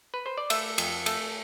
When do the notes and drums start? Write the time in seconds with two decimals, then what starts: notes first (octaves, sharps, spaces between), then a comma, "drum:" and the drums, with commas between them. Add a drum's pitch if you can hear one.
0.14 B4
0.26 C5
0.38 D5
0.50 A3 E5, drum: cymbal
0.78 F2, drum: cymbal
1.06 A3, drum: cymbal